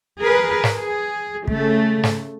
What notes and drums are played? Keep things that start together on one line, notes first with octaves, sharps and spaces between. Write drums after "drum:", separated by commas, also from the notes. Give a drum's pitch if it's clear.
G#4 A#4 B4
drum: snare
G#4
C#3 A3, drum: kick
drum: snare